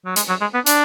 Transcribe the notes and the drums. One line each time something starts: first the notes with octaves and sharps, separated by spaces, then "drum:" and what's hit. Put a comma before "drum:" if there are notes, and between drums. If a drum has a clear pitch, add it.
F#3
G#3, drum: hi-hat
F#3
G#3
B3
D4, drum: hi-hat